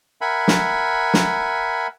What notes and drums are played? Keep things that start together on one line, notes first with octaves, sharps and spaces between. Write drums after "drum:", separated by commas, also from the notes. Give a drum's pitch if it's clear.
A#4 E5 F#5 G#5 B5
drum: snare
drum: snare